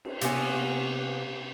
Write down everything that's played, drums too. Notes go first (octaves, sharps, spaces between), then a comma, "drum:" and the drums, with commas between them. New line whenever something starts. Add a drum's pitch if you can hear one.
drum: cymbal
C3 A#3 B3 C#4, drum: hi-hat